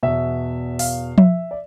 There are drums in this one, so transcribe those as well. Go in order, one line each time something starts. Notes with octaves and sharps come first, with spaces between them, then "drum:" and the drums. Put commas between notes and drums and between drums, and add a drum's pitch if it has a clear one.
E2 B2 E5
F5, drum: open hi-hat
E5, drum: tom F3
D5